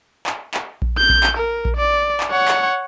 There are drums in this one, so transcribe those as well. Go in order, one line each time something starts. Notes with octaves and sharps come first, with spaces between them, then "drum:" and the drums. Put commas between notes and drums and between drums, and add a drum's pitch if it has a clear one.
drum: clap
drum: clap
drum: kick A#1
G6
drum: kick A#1
drum: clap
A#4
drum: kick A#1
D5
drum: clap
C#5 F#5
drum: clap